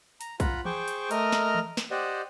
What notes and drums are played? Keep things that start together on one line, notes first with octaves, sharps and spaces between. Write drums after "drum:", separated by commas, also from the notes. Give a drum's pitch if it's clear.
A#5, drum: hi-hat
F4 F#5 A#5 B5, drum: kick, hi-hat
G#4 C5 G5 C#6 D6, drum: tom E3
drum: hi-hat
A3 A#4 D#5 A#5 F6, drum: hi-hat
drum: snare
drum: tom E3
drum: snare
G4 C5 D5 D#5 F#5